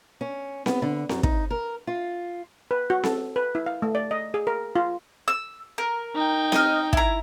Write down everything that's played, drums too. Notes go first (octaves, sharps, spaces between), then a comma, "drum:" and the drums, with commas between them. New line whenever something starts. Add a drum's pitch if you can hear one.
C#4
B3, drum: snare C4
D3
F#2, drum: snare C4
D#4, drum: kick
A#4
F4
B4
F#4
A4, drum: snare C4
B4
E4
F5
A3
D5
D#5
G#4
A#4
F4
E6
A#4
D#4 G5
D#5 F6, drum: snare C4
E4 A#5, drum: kick